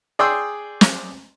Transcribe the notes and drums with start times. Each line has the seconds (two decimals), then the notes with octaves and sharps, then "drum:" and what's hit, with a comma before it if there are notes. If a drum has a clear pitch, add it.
0.19 G#4 D5 G5 C6 D#6 E6
0.81 drum: snare